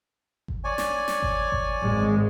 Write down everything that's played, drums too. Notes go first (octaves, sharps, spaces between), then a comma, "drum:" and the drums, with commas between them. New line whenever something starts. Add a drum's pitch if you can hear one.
drum: kick G1
C#5 D5 G#5
drum: snare
drum: snare
drum: kick G1
drum: kick G1
G#1 G#3